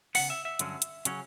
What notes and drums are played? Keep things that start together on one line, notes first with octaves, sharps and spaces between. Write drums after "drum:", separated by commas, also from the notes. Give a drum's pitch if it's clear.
C#3 E3 B3 F#5, drum: open hi-hat
E5
E5
G2 D3 F#3 C#4, drum: hi-hat
drum: hi-hat
C#3 F#3 C#4, drum: hi-hat